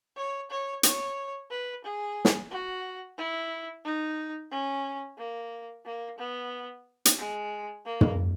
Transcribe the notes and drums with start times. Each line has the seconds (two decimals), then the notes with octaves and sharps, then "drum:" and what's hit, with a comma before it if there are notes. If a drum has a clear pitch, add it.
0.16 C#5
0.50 C#5
0.83 C#5, drum: hi-hat
1.50 B4
1.84 G#4
2.25 drum: snare
2.51 F#4
3.18 E4
3.84 D#4
4.51 C#4
5.17 A#3
5.85 A#3
6.18 B3
7.05 drum: hi-hat
7.18 G#3
7.85 A#3
8.01 drum: tom